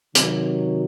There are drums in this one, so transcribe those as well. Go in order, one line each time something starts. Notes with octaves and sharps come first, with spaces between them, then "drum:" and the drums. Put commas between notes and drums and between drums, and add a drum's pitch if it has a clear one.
C3 D#3 F#3, drum: hi-hat